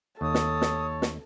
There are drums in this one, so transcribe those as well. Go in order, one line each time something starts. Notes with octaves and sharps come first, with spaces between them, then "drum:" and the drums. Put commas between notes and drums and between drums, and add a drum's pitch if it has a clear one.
D#2 A4 C#5 D#6
drum: snare
drum: snare
drum: snare